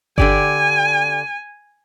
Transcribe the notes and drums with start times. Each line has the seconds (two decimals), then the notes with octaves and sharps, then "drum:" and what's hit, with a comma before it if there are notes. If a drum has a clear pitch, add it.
0.18 D3 G4 D5 G#5, drum: kick G1